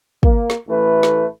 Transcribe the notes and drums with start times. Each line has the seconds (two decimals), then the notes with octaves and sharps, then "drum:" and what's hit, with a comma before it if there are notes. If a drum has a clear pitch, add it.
0.23 A#3, drum: kick
0.50 drum: snare
0.68 A1 E3 A3 B4
1.03 drum: snare